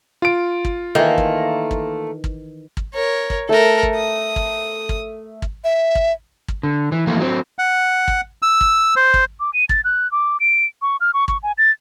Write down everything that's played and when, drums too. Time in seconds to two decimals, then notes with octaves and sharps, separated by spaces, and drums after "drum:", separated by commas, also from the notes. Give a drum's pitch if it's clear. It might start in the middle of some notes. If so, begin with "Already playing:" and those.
0.22 F4 D7
0.65 drum: kick
0.95 D#3 E3 A3 A#3
1.18 drum: kick
1.71 drum: kick
2.24 drum: kick
2.77 drum: kick
2.94 A#4 C#5
3.30 drum: kick
3.49 A3 A4 A#4
3.83 drum: kick
3.95 D#6
4.36 drum: kick
4.89 drum: kick
5.42 drum: kick
5.64 E5
5.95 drum: kick
6.48 drum: kick
6.63 D3
6.92 E3
7.07 E3 F3 A3 A#3 F4
7.20 F#3 C4
7.59 F#5
8.08 drum: kick
8.42 E6
8.61 drum: kick
8.96 C5
9.14 drum: kick
9.40 D6
9.54 D#7
9.69 A6, drum: kick
9.84 F#6
10.12 D6
10.40 D7
10.82 C#6
11.01 F6
11.14 C#6
11.28 C#6, drum: kick
11.43 G#5
11.58 A6